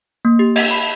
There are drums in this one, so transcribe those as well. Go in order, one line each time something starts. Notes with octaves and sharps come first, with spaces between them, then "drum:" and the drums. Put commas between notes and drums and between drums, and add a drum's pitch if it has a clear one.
A#3
G4
D#5, drum: cymbal
B5